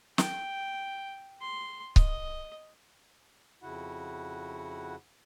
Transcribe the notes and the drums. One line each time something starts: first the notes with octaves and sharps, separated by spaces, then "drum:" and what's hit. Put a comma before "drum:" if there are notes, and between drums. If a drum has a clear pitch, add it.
G5, drum: snare
C6
D#5, drum: kick C#1
F2 C#3 E4 F#4 F#5